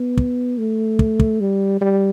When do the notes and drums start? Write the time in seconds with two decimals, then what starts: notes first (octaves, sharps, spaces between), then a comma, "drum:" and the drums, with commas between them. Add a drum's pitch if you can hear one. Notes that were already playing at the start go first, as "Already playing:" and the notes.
Already playing: B3
0.17 drum: kick
0.58 A3
0.99 drum: kick
1.20 drum: kick
1.41 G3
1.81 G3